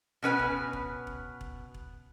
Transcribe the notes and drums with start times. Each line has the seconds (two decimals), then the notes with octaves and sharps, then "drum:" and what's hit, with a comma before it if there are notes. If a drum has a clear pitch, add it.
0.23 B2 C#4 B4 G#5
0.39 drum: kick E1
0.73 drum: kick E1
1.07 drum: kick E1
1.41 drum: kick E1
1.74 drum: kick E1